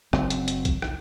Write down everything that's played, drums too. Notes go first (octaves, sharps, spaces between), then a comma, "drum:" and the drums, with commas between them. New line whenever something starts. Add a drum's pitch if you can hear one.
F#1 F#3 C4, drum: rim click
drum: hi-hat
drum: hi-hat
drum: kick, hi-hat
drum: rim click